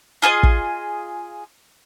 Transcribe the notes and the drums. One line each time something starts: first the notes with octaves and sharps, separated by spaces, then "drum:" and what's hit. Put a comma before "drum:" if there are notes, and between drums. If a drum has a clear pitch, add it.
F4 G#4 A4 D#5
drum: kick